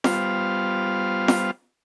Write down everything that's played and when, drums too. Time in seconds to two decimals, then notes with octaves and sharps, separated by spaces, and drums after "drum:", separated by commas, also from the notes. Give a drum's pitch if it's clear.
0.04 G3 B3 F4 C5 F5, drum: snare F4
1.28 drum: snare F4